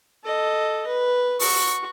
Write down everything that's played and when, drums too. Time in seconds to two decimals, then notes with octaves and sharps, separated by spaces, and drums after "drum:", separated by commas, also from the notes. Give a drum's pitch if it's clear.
0.24 A4 D#5
0.87 B4
1.40 F#4 C#6, drum: open hi-hat